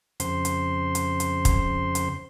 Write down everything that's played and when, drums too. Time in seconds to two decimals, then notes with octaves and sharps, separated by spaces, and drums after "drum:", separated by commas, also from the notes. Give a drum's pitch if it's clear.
0.20 F2 C#3 C5 C6, drum: hi-hat
0.45 drum: hi-hat
0.95 drum: hi-hat
1.20 drum: hi-hat
1.45 drum: kick, hi-hat
1.95 drum: hi-hat